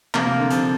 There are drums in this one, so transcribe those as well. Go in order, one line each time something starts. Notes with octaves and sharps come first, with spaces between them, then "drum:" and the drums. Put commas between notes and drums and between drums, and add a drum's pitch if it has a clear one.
C3 F3 A#3, drum: clap
C3
D3
C3 F3, drum: hi-hat